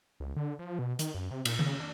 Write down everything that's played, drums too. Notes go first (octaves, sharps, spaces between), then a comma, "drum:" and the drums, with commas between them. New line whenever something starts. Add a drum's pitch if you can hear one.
C#2
D3
F3
B2
D#3, drum: hi-hat
F#2
C3
A#2, drum: cymbal
C#3, drum: tom D#3
D4